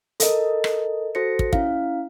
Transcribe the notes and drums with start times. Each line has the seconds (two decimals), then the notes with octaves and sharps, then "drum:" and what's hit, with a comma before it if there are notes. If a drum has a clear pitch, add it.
0.20 A4 A#4 D#5, drum: hi-hat
0.64 drum: rim click
1.15 F#4 A4 C5 A#6 C#7
1.39 drum: kick
1.53 C#4 E4 F5, drum: kick